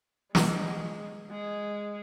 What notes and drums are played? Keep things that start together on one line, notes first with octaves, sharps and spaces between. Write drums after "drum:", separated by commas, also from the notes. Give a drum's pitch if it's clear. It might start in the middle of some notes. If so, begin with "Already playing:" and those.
G#3, drum: snare
G#3